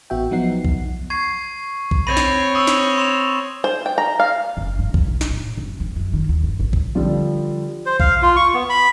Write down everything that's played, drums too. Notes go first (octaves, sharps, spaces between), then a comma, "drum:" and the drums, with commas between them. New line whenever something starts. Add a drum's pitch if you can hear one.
A1 B3 F#4 E5 G5
F3 F#3 B3 D#4 F#5 C7
drum: kick B1
C#6 G#6 C7
drum: kick B1
C4 C#5 B5 A6 A#6 D#7
drum: snare
C#6 D#6 E6
drum: snare
C6 E7 F7
C5
G5
A#5
F5
F#1
G2
E4, drum: kick B1
E1
drum: snare
A2
F#1
E2
F#2
D#3
D#2
G2
A1
drum: kick B1
D3 F3 G3 F4
C5
F5, drum: kick B1
F4
C#6
B3
B5